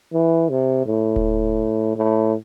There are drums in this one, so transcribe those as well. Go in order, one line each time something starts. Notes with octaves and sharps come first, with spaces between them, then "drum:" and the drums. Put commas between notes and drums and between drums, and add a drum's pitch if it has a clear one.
E3
C3
A2
drum: kick D#1
A2